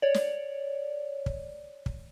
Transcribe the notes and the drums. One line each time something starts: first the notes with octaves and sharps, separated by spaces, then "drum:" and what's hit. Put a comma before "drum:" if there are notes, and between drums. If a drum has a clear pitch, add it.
C#5 D5
drum: snare
drum: kick
drum: kick